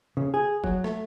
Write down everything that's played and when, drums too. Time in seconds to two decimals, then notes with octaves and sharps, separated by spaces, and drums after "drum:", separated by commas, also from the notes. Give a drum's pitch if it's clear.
0.17 C#3
0.34 G#4
0.64 F#3, drum: kick F#1
0.84 A3, drum: rim click